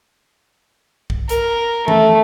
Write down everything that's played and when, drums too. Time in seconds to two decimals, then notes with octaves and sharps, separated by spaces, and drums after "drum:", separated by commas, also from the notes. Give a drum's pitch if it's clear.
1.10 drum: kick
1.29 A#4, drum: hi-hat
1.88 A3, drum: tom E3